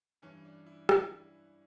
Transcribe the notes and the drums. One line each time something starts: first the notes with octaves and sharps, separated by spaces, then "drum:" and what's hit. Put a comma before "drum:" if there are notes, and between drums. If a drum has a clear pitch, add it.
G2 E3 C#4
D4
E4
E4, drum: rim click